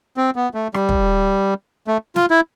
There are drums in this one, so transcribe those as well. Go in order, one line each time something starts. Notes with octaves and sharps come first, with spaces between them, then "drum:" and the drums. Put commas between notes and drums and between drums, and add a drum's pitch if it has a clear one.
C4
B3
A3
G3, drum: rim click
drum: kick
A3
F4, drum: snare
E4